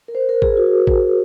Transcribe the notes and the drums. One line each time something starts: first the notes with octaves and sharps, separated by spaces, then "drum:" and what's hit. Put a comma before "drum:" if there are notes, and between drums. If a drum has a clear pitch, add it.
A#4
C5
A#4
G#4, drum: kick A1
F#4
drum: kick A1